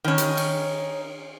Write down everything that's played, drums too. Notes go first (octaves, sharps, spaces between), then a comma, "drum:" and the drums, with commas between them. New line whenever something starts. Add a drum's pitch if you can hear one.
D#3 C#4
drum: hi-hat
drum: cymbal